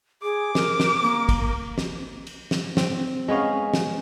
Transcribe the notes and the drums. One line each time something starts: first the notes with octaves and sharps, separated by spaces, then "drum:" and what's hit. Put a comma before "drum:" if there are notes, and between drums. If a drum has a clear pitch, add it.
G#4 D6
A#4, drum: snare
drum: snare
A#3
drum: kick, cymbal
drum: snare
drum: cymbal
drum: snare
C4, drum: snare
G#3 B3 C#4 F5
drum: snare